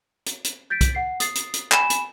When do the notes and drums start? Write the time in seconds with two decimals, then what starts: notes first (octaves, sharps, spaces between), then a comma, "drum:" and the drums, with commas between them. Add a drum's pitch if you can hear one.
0.26 drum: hi-hat
0.44 drum: hi-hat
0.70 G6 A6 B6 D7
0.81 drum: kick, hi-hat
0.95 F#5 C7
1.20 D#6 A6 C7, drum: hi-hat
1.35 drum: hi-hat
1.54 drum: hi-hat
1.72 G#5 B5 E7, drum: clap
1.90 drum: hi-hat